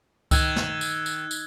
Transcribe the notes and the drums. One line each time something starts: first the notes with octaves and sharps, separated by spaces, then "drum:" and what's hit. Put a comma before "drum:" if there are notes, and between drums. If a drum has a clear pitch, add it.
D#3 E6 F#6 G#6, drum: kick C#2, tambourine
drum: snare
drum: tambourine
drum: tambourine
drum: tambourine